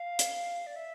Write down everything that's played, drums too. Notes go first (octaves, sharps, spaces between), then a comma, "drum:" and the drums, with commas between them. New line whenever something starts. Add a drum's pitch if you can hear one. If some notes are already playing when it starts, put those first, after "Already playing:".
Already playing: F5
drum: hi-hat
D5
E5